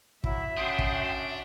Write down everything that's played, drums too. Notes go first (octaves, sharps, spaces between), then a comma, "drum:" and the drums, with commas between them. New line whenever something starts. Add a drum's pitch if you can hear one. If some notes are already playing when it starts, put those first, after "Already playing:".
F#3 E4 E5, drum: kick
C#4 D4 F#4 G5 C6 D#6
drum: kick